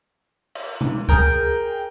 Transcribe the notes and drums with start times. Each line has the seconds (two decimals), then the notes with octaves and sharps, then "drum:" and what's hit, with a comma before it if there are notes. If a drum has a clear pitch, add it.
0.55 drum: cymbal
0.81 drum: tom B2
1.09 G#4 A#4 G5, drum: kick C#2